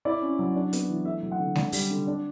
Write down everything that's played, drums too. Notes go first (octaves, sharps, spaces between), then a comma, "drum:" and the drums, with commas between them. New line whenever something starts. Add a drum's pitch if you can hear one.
E4 D5
C#4
F#3
D4
B3, drum: hi-hat
E3
A3 E5
F#3
F#5
D3
D4, drum: snare G#3
G3, drum: open hi-hat
D3
D4